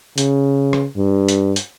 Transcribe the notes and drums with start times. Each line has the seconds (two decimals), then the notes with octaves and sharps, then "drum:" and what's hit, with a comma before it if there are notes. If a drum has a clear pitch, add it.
0.18 C#3, drum: hi-hat
0.73 drum: rim click
0.97 G2
1.28 drum: hi-hat
1.56 drum: hi-hat